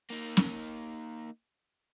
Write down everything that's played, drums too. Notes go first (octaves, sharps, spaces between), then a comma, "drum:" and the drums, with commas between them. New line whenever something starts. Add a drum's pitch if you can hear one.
A#3 D#4
drum: snare